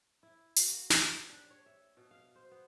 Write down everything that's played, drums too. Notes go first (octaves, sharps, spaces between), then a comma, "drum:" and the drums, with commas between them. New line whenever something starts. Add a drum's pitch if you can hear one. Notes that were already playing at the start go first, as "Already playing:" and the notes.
E4
F#4, drum: hi-hat
A#3
G4, drum: snare
D4
C#5
E5
B2
F5
C5
B3